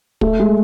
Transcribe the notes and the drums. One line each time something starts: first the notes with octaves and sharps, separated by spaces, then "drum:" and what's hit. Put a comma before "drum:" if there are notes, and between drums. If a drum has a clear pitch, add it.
A3, drum: kick
G#3